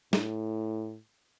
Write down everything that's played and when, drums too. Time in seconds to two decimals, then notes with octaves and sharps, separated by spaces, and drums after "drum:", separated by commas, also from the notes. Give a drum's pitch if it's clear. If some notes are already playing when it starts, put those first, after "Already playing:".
0.13 A2, drum: snare